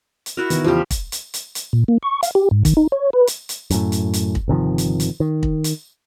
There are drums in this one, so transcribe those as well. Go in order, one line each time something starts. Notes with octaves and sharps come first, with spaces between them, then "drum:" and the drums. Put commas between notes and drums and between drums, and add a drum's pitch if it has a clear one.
drum: hi-hat
E4 F#4 A#4
D#3 B3, drum: hi-hat
E2 C#3 F3 G3 E4 G4
drum: kick, hi-hat
drum: hi-hat
drum: hi-hat
drum: hi-hat
A#2
A#3
C#6
F5, drum: hi-hat
G4
G#2
D#3, drum: kick, hi-hat
D#4
C#5
B4
drum: hi-hat
drum: hi-hat
F#2 A2, drum: hi-hat
drum: hi-hat
drum: hi-hat
drum: kick
G1 C3 D#3 F3
drum: hi-hat
drum: hi-hat
D#3
drum: kick
drum: hi-hat